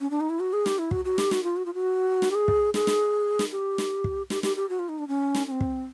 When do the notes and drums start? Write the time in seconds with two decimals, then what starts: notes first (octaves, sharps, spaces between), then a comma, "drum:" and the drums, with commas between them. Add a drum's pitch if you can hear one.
0.01 C#4
0.10 D4
0.20 D#4
0.30 E4
0.40 F#4
0.53 G#4
0.66 G4, drum: snare
0.79 E4
0.91 F#4, drum: kick
1.05 F#4
1.18 G4, drum: snare
1.31 F#4, drum: snare
1.43 F4
1.56 F#4
1.66 F4
1.74 F#4
2.22 drum: snare
2.31 G4
2.35 G#4
2.48 drum: kick
2.74 G#4, drum: snare
2.87 drum: snare
3.39 drum: snare
3.52 G4
3.78 drum: snare
4.04 drum: kick
4.30 G4, drum: snare
4.43 G4, drum: snare
4.56 G4
4.69 F#4
4.79 F4
4.89 D#4
4.99 D4
5.08 C#4
5.35 drum: snare
5.47 C#4
5.51 C4
5.61 drum: kick